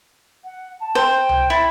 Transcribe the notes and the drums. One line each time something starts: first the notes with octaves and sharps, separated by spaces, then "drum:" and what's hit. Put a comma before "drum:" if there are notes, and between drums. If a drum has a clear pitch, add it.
F#5
A5
C5 G5
drum: tom C2
E4 A6